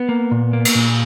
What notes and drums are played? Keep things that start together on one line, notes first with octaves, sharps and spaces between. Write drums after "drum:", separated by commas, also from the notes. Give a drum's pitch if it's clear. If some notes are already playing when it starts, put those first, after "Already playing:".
Already playing: B3
A#3
A#2
A#3
drum: cymbal
A#2